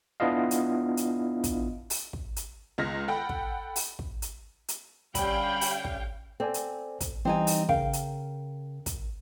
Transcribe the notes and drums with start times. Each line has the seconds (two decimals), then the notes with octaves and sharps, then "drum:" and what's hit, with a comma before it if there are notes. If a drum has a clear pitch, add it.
0.20 B3 D4 E4 F4 D#5 F5
0.51 drum: hi-hat
0.97 drum: hi-hat
1.44 drum: kick, hi-hat
1.90 drum: open hi-hat
2.13 drum: kick
2.36 drum: hi-hat
2.78 C#2 G#3 F6 A#6
3.08 A4 F#5 G5 B5
3.29 drum: kick
3.76 drum: open hi-hat
3.99 drum: kick
4.22 drum: hi-hat
4.68 drum: hi-hat
5.15 D3 G3 C#4 F5 G5 B5, drum: kick, hi-hat
5.61 drum: open hi-hat
5.84 drum: kick
6.40 C4 A4 D5 G#5
6.54 drum: hi-hat
7.00 drum: kick, hi-hat
7.25 E3 G3 C4 D#4 G#5
7.47 drum: open hi-hat
7.69 C#3 A#4 F5 G5, drum: kick
7.93 drum: hi-hat
8.86 drum: kick, hi-hat